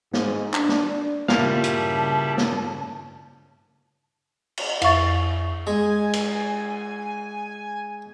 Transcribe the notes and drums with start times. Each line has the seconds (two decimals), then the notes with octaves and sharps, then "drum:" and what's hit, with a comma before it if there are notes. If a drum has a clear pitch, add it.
0.13 G#2, drum: snare
0.54 D4, drum: clap
0.69 drum: snare
1.28 G2 A#2 C#3 G3 E4 F5 A5, drum: snare
1.64 drum: hi-hat
2.38 drum: snare
4.57 drum: cymbal
4.82 F2 E5 C#6 A6, drum: cymbal
5.67 G#3 G#5
6.13 drum: cymbal